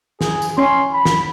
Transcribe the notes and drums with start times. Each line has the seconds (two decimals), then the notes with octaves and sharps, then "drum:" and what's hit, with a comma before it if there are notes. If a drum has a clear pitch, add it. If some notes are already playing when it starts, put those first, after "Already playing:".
0.21 G#4, drum: snare
0.42 drum: tambourine
0.58 C#4 C6
0.93 B5
1.05 drum: snare